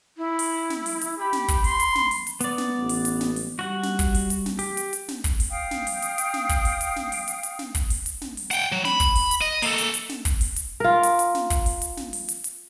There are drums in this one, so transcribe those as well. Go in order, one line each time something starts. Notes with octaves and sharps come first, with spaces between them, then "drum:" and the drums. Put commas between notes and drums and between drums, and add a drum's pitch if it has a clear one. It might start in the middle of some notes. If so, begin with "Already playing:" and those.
E4
drum: open hi-hat
drum: snare
drum: open hi-hat
drum: hi-hat
G4 B5
drum: snare
drum: kick, hi-hat
C6, drum: open hi-hat
drum: hi-hat
drum: snare
drum: open hi-hat
drum: hi-hat
B3 D5, drum: hi-hat
drum: snare
A1
drum: open hi-hat
drum: hi-hat
drum: snare
drum: open hi-hat
G3 F#4 F#5
drum: snare
drum: kick, hi-hat
drum: open hi-hat
drum: hi-hat
drum: snare
G4, drum: open hi-hat
drum: hi-hat
drum: hi-hat
drum: snare
drum: kick, hi-hat
drum: open hi-hat
F5 G5 D#6
drum: snare
drum: open hi-hat
drum: hi-hat
drum: hi-hat
drum: snare
drum: kick, hi-hat
drum: open hi-hat
drum: hi-hat
drum: snare
drum: open hi-hat
drum: hi-hat
drum: hi-hat
drum: snare
drum: kick, hi-hat
drum: open hi-hat
drum: hi-hat
drum: snare
drum: open hi-hat
F#5 G5, drum: hi-hat
F#3
B5, drum: snare
drum: kick, hi-hat
drum: open hi-hat
drum: hi-hat
D#5
A#3 A4, drum: open hi-hat
drum: hi-hat
drum: hi-hat
drum: snare
drum: kick, hi-hat
drum: open hi-hat
drum: hi-hat
F4 A#4
drum: hi-hat
drum: hi-hat
drum: snare
drum: kick, hi-hat
drum: open hi-hat
drum: hi-hat
drum: snare
drum: open hi-hat
drum: hi-hat
drum: hi-hat